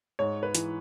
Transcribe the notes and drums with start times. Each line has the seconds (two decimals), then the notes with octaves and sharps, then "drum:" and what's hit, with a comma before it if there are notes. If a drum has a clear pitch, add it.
0.19 G#2 C#5
0.43 B4
0.55 E3, drum: hi-hat